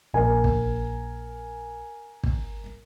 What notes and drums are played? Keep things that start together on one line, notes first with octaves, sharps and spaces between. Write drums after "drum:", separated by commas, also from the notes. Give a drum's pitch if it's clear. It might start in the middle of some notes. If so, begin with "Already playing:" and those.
A#1 A#4 G#5
drum: kick
drum: kick